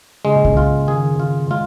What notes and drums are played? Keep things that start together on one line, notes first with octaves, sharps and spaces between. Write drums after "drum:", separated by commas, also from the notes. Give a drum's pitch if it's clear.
C#3 G#3
A#2
C#3, drum: kick C2
F4
D#3 G#4
F4
G#3 F4